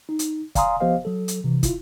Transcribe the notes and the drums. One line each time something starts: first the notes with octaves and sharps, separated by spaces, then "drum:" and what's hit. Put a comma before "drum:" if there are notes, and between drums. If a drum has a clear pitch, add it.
D#4
drum: hi-hat
D5 F5 G#5 A#5 C6 D#6, drum: kick, hi-hat
F3 B3 G4 C5 D#5 F5
F#3 A4
drum: hi-hat
C3 E3
E4 F4, drum: kick, hi-hat